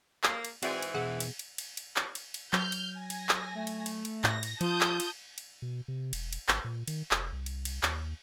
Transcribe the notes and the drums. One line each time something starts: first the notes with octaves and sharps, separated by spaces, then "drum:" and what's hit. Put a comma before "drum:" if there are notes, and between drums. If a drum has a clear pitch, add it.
A#3, drum: clap
drum: cymbal
G#2 E3 C4 F#4 G#4 D5, drum: cymbal
drum: cymbal
E2 B2 G#4 F#5
drum: cymbal
drum: cymbal
drum: cymbal
drum: cymbal
drum: clap
drum: cymbal
drum: cymbal
F#3 F6 G6, drum: clap
drum: cymbal
G#5 A#6
drum: cymbal
drum: clap
A3
drum: cymbal
drum: cymbal
drum: cymbal
A2 A#6, drum: clap
drum: cymbal
F3 F4 A5 D#6 G6, drum: cymbal
drum: clap
drum: cymbal
drum: cymbal
B2
C3
E1, drum: cymbal
drum: cymbal
G#1, drum: clap
A#2
D#3, drum: cymbal
F1, drum: clap
C2
drum: cymbal
drum: cymbal
D#2, drum: clap